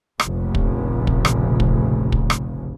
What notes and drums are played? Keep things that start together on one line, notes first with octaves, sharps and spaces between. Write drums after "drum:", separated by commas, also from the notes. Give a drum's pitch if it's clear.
F1 A#1 C#3, drum: rim click
drum: kick
drum: kick
drum: rim click
drum: kick
drum: kick
drum: rim click